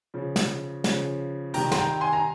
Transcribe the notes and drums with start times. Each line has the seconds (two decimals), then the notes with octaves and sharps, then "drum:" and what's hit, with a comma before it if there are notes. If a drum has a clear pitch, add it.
0.14 C#3 F3
0.36 drum: snare
0.84 C#3 F3, drum: snare
1.54 C3 D#3 G3 G5 A#5, drum: cymbal
1.72 C6, drum: snare
1.78 G5 A#5
2.01 G#5 C6
2.13 A#5